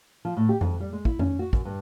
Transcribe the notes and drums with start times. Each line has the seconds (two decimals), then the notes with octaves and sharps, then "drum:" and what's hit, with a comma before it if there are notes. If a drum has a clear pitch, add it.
0.25 F3
0.37 A2
0.49 G4
0.61 F2, drum: tom F2
0.80 G3
0.93 G#3
1.05 E4, drum: kick
1.19 C#4, drum: tom F2
1.39 F#4
1.53 F#2, drum: kick
1.65 G2